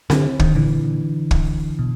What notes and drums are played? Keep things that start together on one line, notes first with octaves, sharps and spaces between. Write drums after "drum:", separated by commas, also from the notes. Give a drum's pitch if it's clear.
D3, drum: snare C4
D#3, drum: kick
A#2 D3 E3
drum: kick
B2